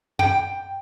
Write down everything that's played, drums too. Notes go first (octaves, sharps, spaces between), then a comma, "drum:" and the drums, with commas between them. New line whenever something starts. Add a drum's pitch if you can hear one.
G5, drum: tom F#2